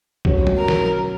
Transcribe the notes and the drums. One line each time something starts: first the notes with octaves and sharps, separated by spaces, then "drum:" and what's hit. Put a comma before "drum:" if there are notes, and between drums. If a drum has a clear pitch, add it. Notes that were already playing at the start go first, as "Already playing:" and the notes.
B2 F#3 C#4, drum: kick B1
drum: tom
A#4
drum: snare